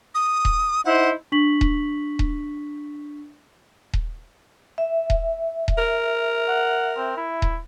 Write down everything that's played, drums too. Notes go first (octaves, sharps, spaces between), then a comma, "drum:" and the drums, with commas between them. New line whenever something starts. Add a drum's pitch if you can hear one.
D#6
drum: kick D#1
D#4 E4 C5 F#5
D4 C#6 B6 F#7
drum: kick D#1
drum: kick D#1
drum: kick D#1
E5
drum: kick D#1
drum: kick D#1
A#4
F#5
C4
E4
drum: kick D#1